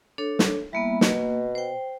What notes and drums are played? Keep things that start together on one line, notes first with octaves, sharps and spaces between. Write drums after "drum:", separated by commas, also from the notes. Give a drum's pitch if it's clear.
D4 A4 C#5
drum: snare
G3 A#3 B3 E4
B2 A#3, drum: snare
C5 G5